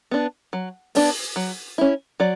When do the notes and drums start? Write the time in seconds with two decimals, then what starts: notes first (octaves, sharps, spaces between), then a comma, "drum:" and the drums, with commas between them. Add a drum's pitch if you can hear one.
0.11 B3 D4
0.53 F#3
0.95 B3 D4, drum: open hi-hat
1.36 F#3
1.78 C#4 E4
2.20 F#3 D5